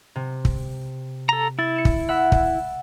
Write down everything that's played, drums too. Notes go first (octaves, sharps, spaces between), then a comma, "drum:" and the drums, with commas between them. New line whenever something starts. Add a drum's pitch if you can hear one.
C3
drum: kick
A4 A#5
E4 A6
C#7 E7
drum: kick
E5 F#5 B5
drum: kick